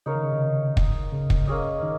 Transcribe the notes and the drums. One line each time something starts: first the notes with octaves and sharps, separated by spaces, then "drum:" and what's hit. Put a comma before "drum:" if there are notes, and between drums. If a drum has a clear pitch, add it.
C#3 D#4 A#4 C#5 F5
D#3
C#3
C3
drum: kick
C#3
drum: kick
A#3 C#4 G#4 D#5
D#3